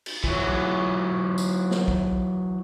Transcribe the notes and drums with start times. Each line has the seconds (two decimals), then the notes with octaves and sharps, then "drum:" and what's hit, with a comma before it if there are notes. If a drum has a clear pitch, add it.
0.06 drum: cymbal
0.24 E3 F#3, drum: kick B1
1.38 drum: tambourine
1.71 drum: snare
1.88 drum: kick B1